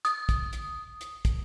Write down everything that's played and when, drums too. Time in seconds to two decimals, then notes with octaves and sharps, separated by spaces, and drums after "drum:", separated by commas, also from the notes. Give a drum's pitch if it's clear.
0.05 D#6, drum: hi-hat
0.29 drum: kick, hi-hat
0.53 drum: hi-hat
1.01 drum: hi-hat
1.25 drum: kick, hi-hat